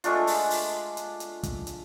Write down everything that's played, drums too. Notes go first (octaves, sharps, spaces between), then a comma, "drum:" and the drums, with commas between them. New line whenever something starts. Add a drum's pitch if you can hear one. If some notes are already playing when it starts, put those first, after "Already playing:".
G#3 A3 D4 F4, drum: hi-hat
drum: open hi-hat
drum: open hi-hat
drum: hi-hat
drum: hi-hat
drum: kick, hi-hat
drum: hi-hat